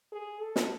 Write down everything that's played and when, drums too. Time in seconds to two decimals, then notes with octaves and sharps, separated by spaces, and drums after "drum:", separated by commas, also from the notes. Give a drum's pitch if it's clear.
0.12 G#4
0.41 A4
0.56 drum: snare